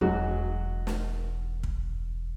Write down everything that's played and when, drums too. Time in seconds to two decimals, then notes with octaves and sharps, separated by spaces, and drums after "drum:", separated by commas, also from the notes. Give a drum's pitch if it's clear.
0.01 E1 F#3 G#3 F#4
0.87 drum: snare
1.63 drum: kick